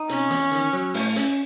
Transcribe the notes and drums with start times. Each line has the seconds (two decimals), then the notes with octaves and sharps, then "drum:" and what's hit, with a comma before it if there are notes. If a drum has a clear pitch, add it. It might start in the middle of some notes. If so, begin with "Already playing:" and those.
Already playing: D#4
0.09 C3 C#4, drum: hi-hat
0.31 E2, drum: hi-hat
0.51 D#3, drum: hi-hat
0.73 F#3
0.94 A2, drum: open hi-hat
1.16 C#4, drum: hi-hat